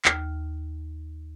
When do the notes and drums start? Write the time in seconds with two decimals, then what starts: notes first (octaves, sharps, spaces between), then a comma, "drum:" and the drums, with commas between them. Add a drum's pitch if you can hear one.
0.05 D#2 F6, drum: clap